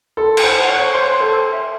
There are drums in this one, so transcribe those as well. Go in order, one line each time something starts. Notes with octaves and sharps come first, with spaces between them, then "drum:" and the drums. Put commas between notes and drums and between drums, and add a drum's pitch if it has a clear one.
A4 C6
F#5, drum: cymbal
C5
F#5
C#5
F#6
C5 C6
C6
A4
E6
E5